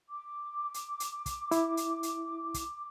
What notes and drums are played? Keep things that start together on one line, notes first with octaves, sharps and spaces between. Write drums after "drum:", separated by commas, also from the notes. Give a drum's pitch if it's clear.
D6
drum: hi-hat
drum: hi-hat
drum: kick, hi-hat
E4, drum: hi-hat
drum: hi-hat
drum: hi-hat
drum: kick, hi-hat